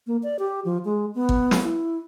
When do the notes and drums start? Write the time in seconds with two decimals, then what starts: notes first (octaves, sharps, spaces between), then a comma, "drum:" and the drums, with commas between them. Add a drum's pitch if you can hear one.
0.07 A#3
0.23 D5
0.39 G4
0.65 F3
0.85 G#3
1.15 B3
1.29 drum: kick
1.51 drum: snare
1.64 E4